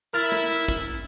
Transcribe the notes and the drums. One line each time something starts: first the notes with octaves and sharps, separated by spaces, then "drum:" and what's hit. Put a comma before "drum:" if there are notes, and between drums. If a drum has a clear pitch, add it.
E4 A#4 F6 A6
drum: snare
drum: kick